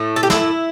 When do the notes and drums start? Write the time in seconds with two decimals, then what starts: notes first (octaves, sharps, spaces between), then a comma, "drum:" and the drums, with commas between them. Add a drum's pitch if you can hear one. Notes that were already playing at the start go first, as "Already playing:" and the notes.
Already playing: A2 A3
0.16 A4
0.23 G4
0.30 E4, drum: snare